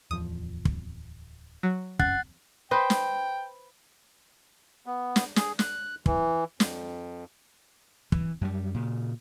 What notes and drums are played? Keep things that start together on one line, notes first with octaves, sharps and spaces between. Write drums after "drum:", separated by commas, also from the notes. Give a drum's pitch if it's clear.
D1 E2 F3 D#6
drum: kick
F#3
F#1 C#4 F#5 F#6 A6, drum: kick
B4 C5 D#5 G5
drum: snare
B3
drum: snare
G#4, drum: snare
F#6, drum: snare
E3, drum: kick
F2, drum: snare
E3, drum: kick
F#2 G3
A#2 C#3